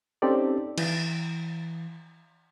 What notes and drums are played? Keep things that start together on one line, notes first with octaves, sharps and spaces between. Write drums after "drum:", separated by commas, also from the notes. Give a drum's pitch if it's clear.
C4 C#4 D#4 G4 A4 D5
E3, drum: cymbal